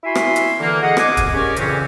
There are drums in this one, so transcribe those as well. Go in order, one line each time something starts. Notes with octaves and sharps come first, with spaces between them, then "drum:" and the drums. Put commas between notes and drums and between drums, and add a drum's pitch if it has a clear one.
E4 F#4 E5 G#5 B5 C6
drum: rim click
drum: hi-hat
D3 E3 A#3
F#4 G#4 D#5 F#5
D#5 G#5 D6, drum: rim click
drum: kick, hi-hat
G#3 C#4 G4 A#4 C#5 D5
F2 A#2 C#3 E3 C4 C#4, drum: hi-hat